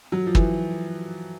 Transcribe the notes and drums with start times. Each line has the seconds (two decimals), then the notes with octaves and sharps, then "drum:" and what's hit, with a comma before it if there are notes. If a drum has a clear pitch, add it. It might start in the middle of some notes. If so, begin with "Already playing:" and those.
0.12 F#3
0.26 F3
0.35 E3, drum: kick